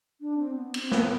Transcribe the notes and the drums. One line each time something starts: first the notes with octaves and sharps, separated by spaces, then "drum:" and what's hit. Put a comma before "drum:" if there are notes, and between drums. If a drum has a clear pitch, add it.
D4
C4
B3
C4, drum: cymbal
B3, drum: snare